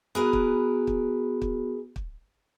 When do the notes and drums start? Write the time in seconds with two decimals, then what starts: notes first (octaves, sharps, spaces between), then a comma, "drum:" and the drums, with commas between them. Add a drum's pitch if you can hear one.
0.15 B3 F#4 G#4 A#4 B4
0.33 drum: kick
0.87 drum: kick
1.42 drum: kick
1.96 drum: kick